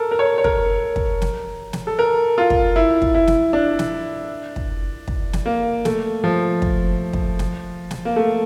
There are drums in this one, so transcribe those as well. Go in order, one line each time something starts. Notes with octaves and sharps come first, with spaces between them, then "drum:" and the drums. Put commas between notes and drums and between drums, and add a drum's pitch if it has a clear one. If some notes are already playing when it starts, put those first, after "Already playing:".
Already playing: A4 A#4
A#4
C#5
C#5
A#4, drum: kick
drum: kick
drum: snare
drum: snare
A4
A#4
F4
drum: kick
E4
drum: kick
E4
drum: snare
D4
drum: snare
drum: kick
drum: kick
drum: snare
A#3
A3, drum: snare
F3
drum: kick
drum: kick
drum: snare
drum: snare
A#3
A3